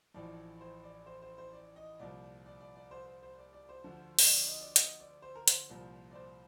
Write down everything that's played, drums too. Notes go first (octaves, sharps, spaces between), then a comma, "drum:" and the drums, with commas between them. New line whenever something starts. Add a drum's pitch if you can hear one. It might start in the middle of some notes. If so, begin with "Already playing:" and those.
A1 A2 F3 D5
C5
D5
C5
C5
C5
D5
D#5
C2 A#2 F3 D5
D5
D5
D5
C5
C5
C5
D5
D5
C5
D2 D3 F3
D#5, drum: open hi-hat
D5
D#5
D5
D#5, drum: hi-hat
D5
C5
A#4
C5, drum: hi-hat
C2 A#2 F3
D5
C5